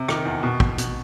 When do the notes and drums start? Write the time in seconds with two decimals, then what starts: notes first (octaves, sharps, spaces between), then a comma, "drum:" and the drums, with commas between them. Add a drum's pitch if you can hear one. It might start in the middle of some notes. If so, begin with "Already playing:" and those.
Already playing: C3
0.08 D#3, drum: rim click
0.25 E2
0.43 B2
0.60 B2, drum: kick
0.78 B2, drum: hi-hat